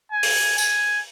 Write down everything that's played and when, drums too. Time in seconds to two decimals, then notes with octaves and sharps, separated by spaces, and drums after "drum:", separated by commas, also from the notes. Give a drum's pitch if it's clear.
0.12 G#5
0.23 drum: open hi-hat
0.58 G#5, drum: tambourine